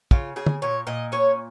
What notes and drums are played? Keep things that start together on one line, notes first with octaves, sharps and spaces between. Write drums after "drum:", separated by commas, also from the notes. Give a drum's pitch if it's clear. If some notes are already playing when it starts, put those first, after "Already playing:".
C#3 F4, drum: kick
C#3 G#4
drum: tom
A#2 C#5
A#2 D#5
C#4 C#5